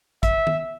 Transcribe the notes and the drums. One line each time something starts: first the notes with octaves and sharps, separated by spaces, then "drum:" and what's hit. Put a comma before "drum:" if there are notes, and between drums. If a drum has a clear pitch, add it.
E5, drum: kick, hi-hat
drum: tom D#3